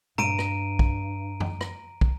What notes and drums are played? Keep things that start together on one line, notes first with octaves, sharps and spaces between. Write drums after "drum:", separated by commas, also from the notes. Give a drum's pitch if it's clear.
G2 A#5 D7 D#7, drum: tom A#2
drum: rim click
drum: kick
drum: tom F#2
drum: rim click
drum: kick